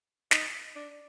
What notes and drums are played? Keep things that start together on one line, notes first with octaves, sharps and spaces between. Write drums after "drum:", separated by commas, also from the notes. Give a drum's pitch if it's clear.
D#4, drum: snare
D4